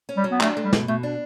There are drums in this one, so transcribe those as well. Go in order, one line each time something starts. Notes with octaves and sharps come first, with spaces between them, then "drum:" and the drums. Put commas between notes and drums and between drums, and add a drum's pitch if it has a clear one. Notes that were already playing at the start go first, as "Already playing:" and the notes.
C#4
G3
F#3
B3
A3 D4, drum: clap
A3
G3
B2, drum: snare
B2 A3
D4